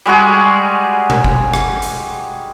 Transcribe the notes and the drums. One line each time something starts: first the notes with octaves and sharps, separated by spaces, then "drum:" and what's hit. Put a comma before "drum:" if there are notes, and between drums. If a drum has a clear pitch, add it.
G3 G#3 F#4 G#4
drum: tom B2
drum: kick F#1
drum: rim click
drum: hi-hat